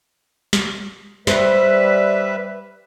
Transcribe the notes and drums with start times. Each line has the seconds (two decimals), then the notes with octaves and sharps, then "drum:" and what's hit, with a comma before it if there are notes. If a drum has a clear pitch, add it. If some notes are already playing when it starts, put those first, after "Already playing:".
0.53 drum: snare
1.27 G3 B4 C5 E5, drum: snare